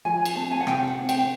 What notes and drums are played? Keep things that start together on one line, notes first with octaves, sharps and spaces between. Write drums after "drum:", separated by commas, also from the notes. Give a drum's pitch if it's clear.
F3 G#5
drum: cymbal
C4 A5
G#5
F#5
C3 G5, drum: rim click
F#5
C4
G5, drum: cymbal